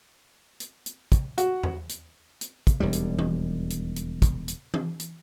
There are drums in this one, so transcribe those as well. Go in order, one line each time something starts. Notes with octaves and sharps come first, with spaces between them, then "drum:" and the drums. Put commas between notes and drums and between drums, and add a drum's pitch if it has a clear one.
drum: hi-hat
drum: hi-hat
drum: kick, hi-hat
F#4, drum: hi-hat
drum: tom E2
drum: hi-hat
drum: hi-hat
drum: kick, hi-hat
E1 D#2 G3
drum: hi-hat
drum: tom E3
drum: hi-hat
drum: hi-hat
drum: kick, hi-hat
drum: hi-hat
drum: tom E3
drum: hi-hat